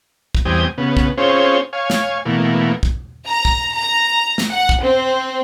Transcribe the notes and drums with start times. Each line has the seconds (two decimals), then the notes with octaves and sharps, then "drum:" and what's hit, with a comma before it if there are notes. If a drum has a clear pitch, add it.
0.35 drum: kick
0.45 E2 G3 C4 G5 G#5 D#6
0.78 C#3 B3
0.97 drum: kick
1.18 C4 C#4 F4 G#4 C5 C#5
1.73 C#5 F5 G#5
1.90 drum: snare
2.25 B2 E3 A3 A#3
2.83 drum: kick
3.28 A#5
3.45 drum: kick
3.76 A#5
4.38 drum: snare
4.49 F#5
4.69 drum: kick
4.79 C4